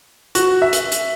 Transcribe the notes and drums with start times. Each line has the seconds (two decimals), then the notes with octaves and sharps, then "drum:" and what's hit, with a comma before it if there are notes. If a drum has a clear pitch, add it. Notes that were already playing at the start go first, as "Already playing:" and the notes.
0.35 F#4, drum: hi-hat
0.62 E5
0.73 drum: hi-hat
0.92 drum: hi-hat